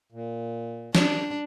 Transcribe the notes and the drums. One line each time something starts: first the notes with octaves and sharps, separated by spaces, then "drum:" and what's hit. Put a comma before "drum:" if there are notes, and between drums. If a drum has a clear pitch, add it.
A#2
G3 D4, drum: snare